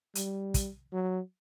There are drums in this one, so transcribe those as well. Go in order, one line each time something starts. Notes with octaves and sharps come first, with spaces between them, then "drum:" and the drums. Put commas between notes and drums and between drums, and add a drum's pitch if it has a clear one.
G3, drum: hi-hat
drum: kick, hi-hat
F#3